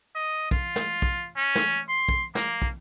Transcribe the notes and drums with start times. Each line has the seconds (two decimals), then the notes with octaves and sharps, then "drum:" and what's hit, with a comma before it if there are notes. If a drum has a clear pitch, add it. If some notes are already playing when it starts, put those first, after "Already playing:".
0.15 D#5
0.51 F4, drum: kick
0.76 drum: snare
1.02 drum: kick
1.37 C#4
1.55 drum: snare
1.89 C6
2.09 drum: kick
2.35 A#3, drum: snare
2.62 drum: kick